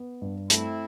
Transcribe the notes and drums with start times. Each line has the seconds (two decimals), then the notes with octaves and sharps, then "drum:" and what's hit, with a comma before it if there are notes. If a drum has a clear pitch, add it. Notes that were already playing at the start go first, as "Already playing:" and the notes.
Already playing: B3
0.22 G2
0.50 A3 C4 E4, drum: hi-hat